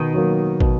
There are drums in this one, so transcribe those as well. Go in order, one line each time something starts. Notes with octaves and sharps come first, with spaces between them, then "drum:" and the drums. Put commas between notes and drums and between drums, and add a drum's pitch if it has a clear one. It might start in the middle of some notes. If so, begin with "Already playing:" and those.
Already playing: B2 D#3
F#3 A#3
B2, drum: kick